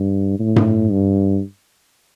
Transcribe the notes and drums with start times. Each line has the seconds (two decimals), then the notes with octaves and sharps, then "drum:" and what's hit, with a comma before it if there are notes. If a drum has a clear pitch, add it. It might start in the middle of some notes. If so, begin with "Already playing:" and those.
Already playing: G2
0.39 A2
0.56 drum: tom G2
0.91 G2